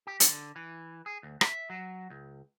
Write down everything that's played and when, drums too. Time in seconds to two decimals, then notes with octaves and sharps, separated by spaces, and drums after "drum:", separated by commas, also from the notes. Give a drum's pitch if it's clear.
0.07 G4
0.20 D3, drum: hi-hat
0.56 E3
1.06 G#4
1.23 D2
1.41 E5, drum: rim click
1.70 F#3
2.10 C#2